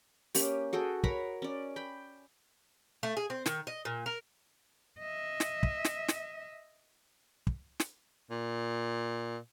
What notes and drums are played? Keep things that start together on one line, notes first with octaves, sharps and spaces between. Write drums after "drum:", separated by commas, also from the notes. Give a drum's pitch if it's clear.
A#3 C#4 G4, drum: open hi-hat
F#4 G#4 A4 G5
A#4 C#5 F#5 B5, drum: kick
C#4 D5
G5 B5
A3
G#4
C4
D#3, drum: snare
D#5
A#2
A#4
D#5 E5
drum: snare
drum: kick
drum: snare
drum: snare
drum: kick
drum: snare
A#2